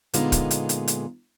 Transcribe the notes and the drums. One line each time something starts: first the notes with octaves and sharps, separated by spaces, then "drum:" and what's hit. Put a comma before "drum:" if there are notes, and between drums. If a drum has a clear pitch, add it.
A#2 D3 G#3 B3 D#4 F4, drum: hi-hat
drum: kick, hi-hat
drum: hi-hat
drum: hi-hat
drum: hi-hat